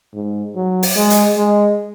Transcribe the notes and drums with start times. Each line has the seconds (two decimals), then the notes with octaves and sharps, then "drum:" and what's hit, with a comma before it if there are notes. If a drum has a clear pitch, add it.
0.14 G#2
0.56 F#3
0.83 drum: open hi-hat
0.96 G#3
1.10 drum: hi-hat
1.38 G#3